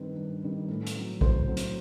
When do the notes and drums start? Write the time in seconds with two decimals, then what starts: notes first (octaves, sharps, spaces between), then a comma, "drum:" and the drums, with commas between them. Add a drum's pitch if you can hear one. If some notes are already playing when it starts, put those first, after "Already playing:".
Already playing: G2 D#3 G3 C4 B4
0.16 G2
0.43 D#3 G3 C4
0.68 A2
0.87 drum: hi-hat
0.96 F#3 C4
1.21 A2 C5, drum: kick
1.48 F#3 C4
1.57 drum: hi-hat